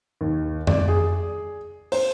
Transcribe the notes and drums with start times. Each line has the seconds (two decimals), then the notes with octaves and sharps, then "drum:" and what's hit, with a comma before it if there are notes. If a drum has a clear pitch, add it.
0.21 D#2
0.67 D5, drum: tom F2
0.88 G#4
1.92 C5, drum: open hi-hat